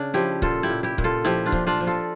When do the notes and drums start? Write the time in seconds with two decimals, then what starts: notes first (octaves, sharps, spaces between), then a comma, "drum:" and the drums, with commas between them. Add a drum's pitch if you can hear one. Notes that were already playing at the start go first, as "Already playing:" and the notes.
Already playing: C#3 D4
0.14 F3 E4 G4
0.42 A#2 F4 A4, drum: kick C#1
0.63 E4 G4
0.70 A#2
0.83 E4 G4
0.98 A#2, drum: kick C#1
1.04 F4 A4
1.25 F3 E4 G4, drum: snare
1.46 D4 F4
1.52 F3, drum: kick C#1
1.67 D4 F4
1.81 F3
1.87 F4 A4